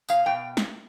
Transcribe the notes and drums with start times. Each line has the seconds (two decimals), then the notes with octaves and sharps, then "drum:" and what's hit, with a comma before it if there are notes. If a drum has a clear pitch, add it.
0.09 B2 F5, drum: tambourine
0.26 B2 G5
0.57 drum: snare